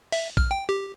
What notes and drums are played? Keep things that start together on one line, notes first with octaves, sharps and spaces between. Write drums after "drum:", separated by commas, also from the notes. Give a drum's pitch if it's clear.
E5, drum: open hi-hat
F6, drum: kick A#1
G5
G4